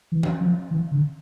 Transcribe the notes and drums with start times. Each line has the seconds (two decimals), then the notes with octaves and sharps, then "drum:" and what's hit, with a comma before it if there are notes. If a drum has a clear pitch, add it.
0.12 E3
0.23 drum: tom E3
0.41 F3
0.71 E3
0.92 D3